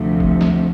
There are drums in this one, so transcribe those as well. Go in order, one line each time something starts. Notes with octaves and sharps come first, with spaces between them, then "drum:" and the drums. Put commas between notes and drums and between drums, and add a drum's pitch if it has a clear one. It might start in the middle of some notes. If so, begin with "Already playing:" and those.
Already playing: D2 C3 F3 A3
drum: kick
drum: snare